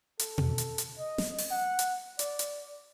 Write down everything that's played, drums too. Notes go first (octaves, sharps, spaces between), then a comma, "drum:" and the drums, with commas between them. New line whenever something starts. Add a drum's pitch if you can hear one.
A4, drum: hi-hat
drum: tom B2
drum: hi-hat
drum: hi-hat
D#5
drum: snare
drum: open hi-hat
F#5
drum: hi-hat
D5, drum: hi-hat
drum: hi-hat